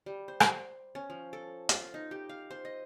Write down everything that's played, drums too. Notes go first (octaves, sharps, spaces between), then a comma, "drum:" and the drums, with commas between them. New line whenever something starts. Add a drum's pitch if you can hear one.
G3
C5
C6, drum: rim click
C#4
F3
A4
F4, drum: hi-hat
D#4
G4
F5
C5
D#5